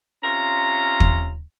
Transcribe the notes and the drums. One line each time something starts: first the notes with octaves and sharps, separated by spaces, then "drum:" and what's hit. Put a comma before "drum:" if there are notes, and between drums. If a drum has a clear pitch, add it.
C3 C#4 F4 A#5
drum: kick